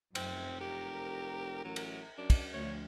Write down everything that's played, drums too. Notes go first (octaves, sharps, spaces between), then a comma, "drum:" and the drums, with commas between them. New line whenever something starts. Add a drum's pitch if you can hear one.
F1 F#2 C4, drum: cymbal
G4 A#4
A1 F#3
drum: cymbal
F#2 D4
drum: kick, cymbal
D2 F3 C#5